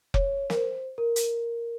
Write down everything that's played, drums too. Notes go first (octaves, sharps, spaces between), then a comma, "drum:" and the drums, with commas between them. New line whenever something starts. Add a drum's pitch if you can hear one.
C#5, drum: kick F1
A#4, drum: snare
C5
A#4
drum: hi-hat